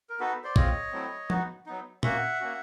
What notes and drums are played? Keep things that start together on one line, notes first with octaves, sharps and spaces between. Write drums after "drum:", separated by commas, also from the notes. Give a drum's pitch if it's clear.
A#4
B3 D#4 F#4 A4 B4
C5 D5
G#3 C4 F4 C#5 D#5, drum: kick
F#3 A3 C4 E4
B3 D#4 F#4, drum: tom F3
F#3 B3 D#4
A#3 C#4 F#4 E5 F#5, drum: tom A#2
A#3 C#4 F#4